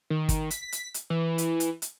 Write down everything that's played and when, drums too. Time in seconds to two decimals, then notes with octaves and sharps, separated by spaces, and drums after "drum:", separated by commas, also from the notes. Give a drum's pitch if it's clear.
0.10 D#3
0.29 drum: kick, hi-hat
0.51 B6, drum: hi-hat
0.72 drum: hi-hat
0.94 drum: hi-hat
1.10 E3
1.38 drum: hi-hat
1.60 drum: hi-hat
1.82 drum: hi-hat